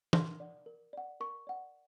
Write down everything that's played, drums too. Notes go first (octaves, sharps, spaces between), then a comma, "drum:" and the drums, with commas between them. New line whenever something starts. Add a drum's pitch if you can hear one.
A#4 C6, drum: tom
D5 F#5
A#4
D5 F#5
A#4 C#6
D5 F#5